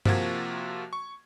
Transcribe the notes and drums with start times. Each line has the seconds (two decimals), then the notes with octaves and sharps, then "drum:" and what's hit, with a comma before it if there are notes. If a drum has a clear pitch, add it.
0.05 C3 F3 A#3 F4 F#4 G#6, drum: tom G2
0.93 C#6